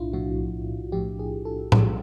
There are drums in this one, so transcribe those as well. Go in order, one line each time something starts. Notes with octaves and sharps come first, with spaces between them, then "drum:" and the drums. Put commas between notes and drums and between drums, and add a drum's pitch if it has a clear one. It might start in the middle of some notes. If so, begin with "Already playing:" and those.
Already playing: B1 A2 D4 E4 F4
B1 A2 F3 F#4
B1 A2 F3 G4
G#4
A4
B1 A2 F3 G#4, drum: tom A2